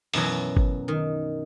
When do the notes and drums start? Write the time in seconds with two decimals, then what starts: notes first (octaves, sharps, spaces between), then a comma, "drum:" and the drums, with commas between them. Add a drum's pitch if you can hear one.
0.14 F#2 B2 E3 F#3, drum: open hi-hat
0.57 drum: kick G1
0.88 D#3